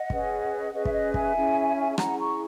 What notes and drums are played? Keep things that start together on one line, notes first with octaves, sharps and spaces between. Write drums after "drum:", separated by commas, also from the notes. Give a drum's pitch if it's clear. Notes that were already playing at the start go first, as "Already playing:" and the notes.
Already playing: D#5 F#5
C#4 G#4 B4, drum: kick
C#4 G#4 B4 D#5
E5, drum: kick
D#5
E5 G#5, drum: kick
C#4 E4 G#4
G#5
C#4 E4 G#4 F#5 A#5, drum: rim click
A#5 C#6